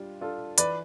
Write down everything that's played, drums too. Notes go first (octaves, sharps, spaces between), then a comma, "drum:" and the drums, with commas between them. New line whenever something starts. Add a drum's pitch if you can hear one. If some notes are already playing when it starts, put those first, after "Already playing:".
Already playing: G3 D4 F4
D4 F4 A4
E3 B4 D5, drum: hi-hat